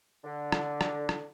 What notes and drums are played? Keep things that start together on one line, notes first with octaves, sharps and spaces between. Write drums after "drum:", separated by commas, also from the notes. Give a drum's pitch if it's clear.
D3
drum: rim click
drum: rim click
drum: rim click